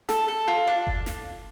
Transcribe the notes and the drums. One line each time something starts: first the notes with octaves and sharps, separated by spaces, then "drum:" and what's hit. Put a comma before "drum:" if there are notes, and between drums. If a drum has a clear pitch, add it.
A4, drum: snare
A4
F4
D4
drum: kick F#1
drum: snare